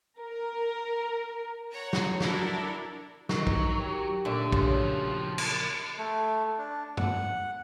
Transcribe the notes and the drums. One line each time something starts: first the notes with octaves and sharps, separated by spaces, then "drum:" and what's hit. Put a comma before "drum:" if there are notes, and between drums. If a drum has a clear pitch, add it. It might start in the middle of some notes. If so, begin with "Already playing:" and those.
A#4
C#5 F#5 A#5
drum: snare
D4 E4 F#4 A4 A#4, drum: snare
D#3 F#3 A#5, drum: snare
drum: kick
G4
A#2 D3 A3 D4
C#3 F3 F#3, drum: kick
drum: cymbal
A3
D4
F#5, drum: tom G2